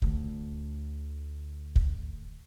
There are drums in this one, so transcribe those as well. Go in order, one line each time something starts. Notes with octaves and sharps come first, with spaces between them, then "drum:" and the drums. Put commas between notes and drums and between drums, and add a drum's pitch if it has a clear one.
D2 D3, drum: kick
drum: kick